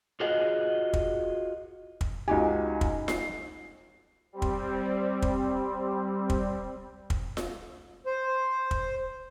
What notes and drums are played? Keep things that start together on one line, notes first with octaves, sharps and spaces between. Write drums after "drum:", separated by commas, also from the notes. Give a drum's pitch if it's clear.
F4 F#4 G#4 B4 D#5 F#5
drum: kick
drum: kick
C#2 D#4 F#4 G4 G#5
drum: kick
C7, drum: snare F4
G3 C4
drum: kick
drum: kick
drum: kick
drum: kick
drum: snare F4
C5
drum: kick